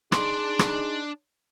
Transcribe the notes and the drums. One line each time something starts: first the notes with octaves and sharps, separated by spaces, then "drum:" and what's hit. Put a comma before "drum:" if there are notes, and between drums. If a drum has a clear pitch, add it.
D4 D#4 G#4 D5 C6, drum: rim click
drum: rim click